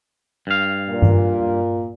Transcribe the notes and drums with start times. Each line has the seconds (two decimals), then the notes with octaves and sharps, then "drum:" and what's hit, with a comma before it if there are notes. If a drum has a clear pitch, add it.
0.47 G2 F5
0.89 A#2
1.02 drum: tom G2